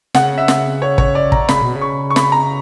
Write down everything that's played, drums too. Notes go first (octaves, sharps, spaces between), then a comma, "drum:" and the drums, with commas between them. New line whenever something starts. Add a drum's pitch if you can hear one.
C#3 F#5, drum: snare
E5
drum: snare
C#5
C#5, drum: kick
D5
A#5, drum: kick
C#3 B5, drum: snare
B2
C#3
C#6
C#6
B5, drum: snare
A#5